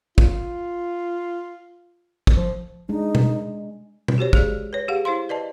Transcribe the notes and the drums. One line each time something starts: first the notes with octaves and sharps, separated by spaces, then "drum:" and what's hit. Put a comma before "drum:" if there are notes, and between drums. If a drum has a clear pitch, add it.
F4, drum: kick
drum: kick
F3
G#3 D4 D#4
drum: tom B2
drum: tom B2
F#4 G4 C5 C#5
G#3 G#4 D5, drum: kick
B4 C#5
G4 G#4 F5 F#5
E4 C5 F5 C6
B4 D5 D#5 A5